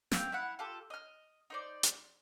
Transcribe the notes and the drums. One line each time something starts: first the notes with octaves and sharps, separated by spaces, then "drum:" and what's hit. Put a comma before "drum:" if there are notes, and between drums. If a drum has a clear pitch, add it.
C4 E5 F5 G5, drum: snare
E4 F5 F#5
F4 G4 A4
D#5 F6
D#4 C5 D5
drum: hi-hat